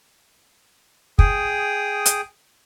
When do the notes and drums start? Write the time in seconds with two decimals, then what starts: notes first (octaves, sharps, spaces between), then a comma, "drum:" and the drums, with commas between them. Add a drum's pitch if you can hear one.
1.19 G#4 G5 D#6, drum: kick
2.06 drum: hi-hat